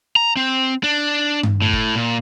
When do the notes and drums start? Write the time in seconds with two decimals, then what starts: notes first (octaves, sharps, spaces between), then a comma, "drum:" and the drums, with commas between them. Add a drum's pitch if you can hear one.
0.16 A#5
0.37 C4
0.84 D4
1.43 drum: tom G2
1.62 A2
1.73 drum: kick
1.95 A#2